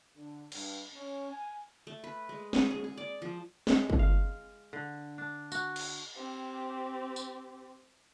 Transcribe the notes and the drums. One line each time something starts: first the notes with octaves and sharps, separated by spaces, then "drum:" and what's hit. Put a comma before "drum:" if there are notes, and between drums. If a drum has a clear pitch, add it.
D3
G2, drum: cymbal
C#4
G#5
A3
B4
G#3
G#4, drum: snare
G#4
G#4
D5
F3
G#3, drum: snare
drum: kick G1
F5
D3
D4
F#4, drum: tambourine
drum: cymbal
C4 G4
drum: tambourine